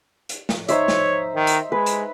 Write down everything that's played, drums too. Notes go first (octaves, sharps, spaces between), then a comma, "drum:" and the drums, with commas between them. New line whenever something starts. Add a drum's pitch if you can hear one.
drum: hi-hat
drum: snare
D#4 C5 C#5 E5, drum: hi-hat
drum: snare
D#3
drum: hi-hat
G#3 B4
drum: hi-hat